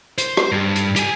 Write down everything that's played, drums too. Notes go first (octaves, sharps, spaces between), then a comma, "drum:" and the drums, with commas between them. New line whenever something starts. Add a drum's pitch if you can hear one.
C5, drum: hi-hat
drum: rim click
G2
drum: hi-hat
G4 G#5, drum: hi-hat